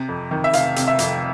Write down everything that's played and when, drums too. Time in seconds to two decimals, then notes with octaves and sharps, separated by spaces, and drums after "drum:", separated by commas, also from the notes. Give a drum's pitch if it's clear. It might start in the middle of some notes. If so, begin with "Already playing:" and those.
Already playing: C3
0.08 F2
0.31 D#3
0.44 E5
0.53 F1 F5, drum: hi-hat
0.76 C3, drum: hi-hat
0.88 E5
0.99 F2, drum: hi-hat